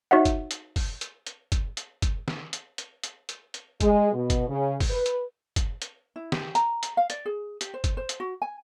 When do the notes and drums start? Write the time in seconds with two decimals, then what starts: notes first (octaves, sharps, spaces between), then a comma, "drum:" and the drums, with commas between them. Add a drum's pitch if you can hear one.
0.11 D#4 F#4 C#5 E5 F#5
0.25 drum: kick, hi-hat
0.51 drum: hi-hat
0.76 drum: kick, open hi-hat
1.01 drum: hi-hat
1.27 drum: hi-hat
1.52 drum: kick, hi-hat
1.77 drum: hi-hat
2.02 drum: kick, hi-hat
2.28 drum: snare
2.53 drum: hi-hat
2.78 drum: hi-hat
3.03 drum: hi-hat
3.29 drum: hi-hat
3.54 drum: hi-hat
3.80 G#3, drum: kick, hi-hat
4.12 B2
4.30 drum: kick, hi-hat
4.47 C#3
4.80 drum: kick, open hi-hat
4.90 B4
5.06 drum: hi-hat
5.56 drum: kick, hi-hat
5.82 drum: hi-hat
6.16 E4
6.32 G4, drum: snare
6.55 A#5, drum: hi-hat
6.83 drum: hi-hat
6.97 F5
7.10 D5, drum: hi-hat
7.26 G#4
7.61 G4, drum: hi-hat
7.74 C5
7.84 drum: kick, hi-hat
7.97 C5
8.09 drum: hi-hat
8.20 F#4
8.42 G#5